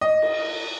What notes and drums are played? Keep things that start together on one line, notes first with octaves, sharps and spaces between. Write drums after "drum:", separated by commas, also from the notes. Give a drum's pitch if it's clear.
D#5
drum: cymbal